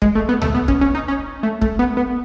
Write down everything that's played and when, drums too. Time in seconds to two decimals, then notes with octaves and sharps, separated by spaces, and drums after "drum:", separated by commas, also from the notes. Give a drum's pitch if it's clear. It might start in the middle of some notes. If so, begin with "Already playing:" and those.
0.02 G#3, drum: kick
0.15 A3
0.29 B3
0.42 A3, drum: tom C#2
0.55 B3
0.68 C#4, drum: kick
0.81 C#4
0.95 D#4
1.08 C#4
1.43 A3
1.61 A3, drum: kick
1.79 B3
1.97 B3